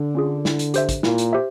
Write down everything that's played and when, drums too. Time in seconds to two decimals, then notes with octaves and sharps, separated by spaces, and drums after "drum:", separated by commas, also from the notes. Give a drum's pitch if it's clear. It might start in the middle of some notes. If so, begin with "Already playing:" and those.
Already playing: D3
0.15 C#4 F4 G#4
0.45 E4, drum: snare
0.59 drum: hi-hat
0.74 G4 C5 E5, drum: hi-hat
0.89 drum: kick, hi-hat
1.03 A#2 E4, drum: snare
1.18 drum: hi-hat
1.33 G4 C5 E5